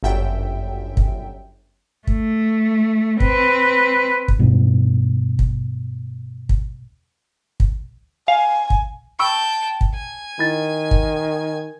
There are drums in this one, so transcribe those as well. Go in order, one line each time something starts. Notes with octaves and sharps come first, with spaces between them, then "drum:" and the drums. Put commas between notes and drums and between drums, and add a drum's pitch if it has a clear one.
G1 F#2 E5 G5
drum: kick
A3, drum: kick
C4 B4, drum: kick
drum: kick
E2 G2 B2
drum: kick
drum: kick
drum: kick
F5 G#5
drum: kick
G5 A5 B5 C#6 E6
drum: kick
G#5
D#3 E4 A6
drum: kick